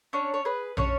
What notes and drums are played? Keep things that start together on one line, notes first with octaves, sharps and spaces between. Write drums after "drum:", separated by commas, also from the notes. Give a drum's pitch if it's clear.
C#4 D4 C#5
C#5
G#4 B4
C#4 D4 C#5, drum: tom